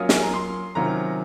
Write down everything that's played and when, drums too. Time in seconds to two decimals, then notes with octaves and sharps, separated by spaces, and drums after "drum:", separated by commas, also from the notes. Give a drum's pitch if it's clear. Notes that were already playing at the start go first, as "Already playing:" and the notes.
Already playing: F#3 A#3 C#4 F4 D#6
0.09 G#5, drum: snare
0.22 A#5
0.34 C6
0.75 C3 D#3 F#3 C#4 F4 A#5